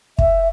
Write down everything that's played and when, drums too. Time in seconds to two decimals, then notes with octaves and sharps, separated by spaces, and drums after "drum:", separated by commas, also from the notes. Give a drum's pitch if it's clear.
0.19 E5, drum: kick